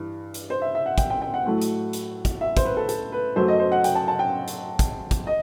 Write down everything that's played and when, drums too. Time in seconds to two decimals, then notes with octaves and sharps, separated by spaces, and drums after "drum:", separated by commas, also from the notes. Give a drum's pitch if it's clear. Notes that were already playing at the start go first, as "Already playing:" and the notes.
Already playing: G2 E3
0.34 drum: hi-hat
0.50 C5
0.62 E5
0.75 E5
0.86 F#5
0.98 G5, drum: kick, hi-hat
1.10 G5
1.22 G5
1.34 F#5
1.46 A2 F#3 A3
1.61 drum: hi-hat
1.93 drum: hi-hat
2.25 drum: kick, hi-hat
2.41 E5
2.57 C5, drum: kick, hi-hat
2.65 B4
2.77 A4
2.89 A4, drum: hi-hat
3.12 B4
3.36 F#2 F#3 A3 C5
3.48 D#5
3.60 C5
3.72 F#5
3.84 G5, drum: hi-hat
3.95 A5
4.08 A5
4.19 G5
4.47 drum: hi-hat
4.79 drum: kick, hi-hat
5.11 drum: kick, hi-hat
5.27 D#5